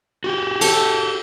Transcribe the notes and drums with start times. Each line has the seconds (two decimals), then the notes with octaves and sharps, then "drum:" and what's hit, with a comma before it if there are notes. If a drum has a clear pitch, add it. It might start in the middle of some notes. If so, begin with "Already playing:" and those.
0.24 F#4 G4
0.61 A4, drum: cymbal